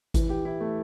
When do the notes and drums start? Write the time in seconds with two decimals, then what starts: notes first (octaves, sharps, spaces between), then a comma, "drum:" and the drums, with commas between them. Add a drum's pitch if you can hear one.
0.14 E3, drum: kick G#1, hi-hat
0.29 G4
0.45 E4
0.61 A3